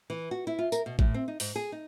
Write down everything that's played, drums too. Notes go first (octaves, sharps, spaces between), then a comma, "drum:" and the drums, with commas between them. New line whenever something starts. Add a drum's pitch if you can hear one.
E3
F#4
E4
F4
A#4, drum: tambourine
B2
A2, drum: kick G#1
C4
D#4
G#2, drum: open hi-hat
G#4
D#4